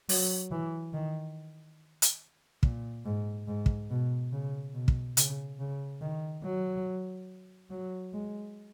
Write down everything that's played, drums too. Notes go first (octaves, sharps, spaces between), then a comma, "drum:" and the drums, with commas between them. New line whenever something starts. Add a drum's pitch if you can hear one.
F#3, drum: open hi-hat
E3
D#3
drum: hi-hat
A#2, drum: kick
G#2
G#2
drum: kick
B2
C#3
B2
drum: kick
C#3, drum: hi-hat
C#3
D#3
F#3
F#3
G#3